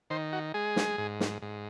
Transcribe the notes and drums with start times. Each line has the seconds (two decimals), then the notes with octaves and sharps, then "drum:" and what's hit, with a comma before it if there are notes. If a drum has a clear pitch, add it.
0.10 D#3 C5
0.33 F#4
0.54 G#3 G#4
0.76 drum: snare
0.98 G#2
1.20 drum: snare
1.42 G#2